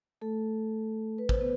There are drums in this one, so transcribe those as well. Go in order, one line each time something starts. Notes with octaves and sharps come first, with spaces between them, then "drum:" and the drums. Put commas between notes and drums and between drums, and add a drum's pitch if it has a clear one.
A3 A4
B4
C5, drum: kick
B3 B4